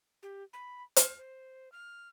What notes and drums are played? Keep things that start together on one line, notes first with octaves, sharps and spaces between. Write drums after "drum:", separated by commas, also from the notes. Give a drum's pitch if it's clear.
G4
B5
C5, drum: hi-hat
C5
F6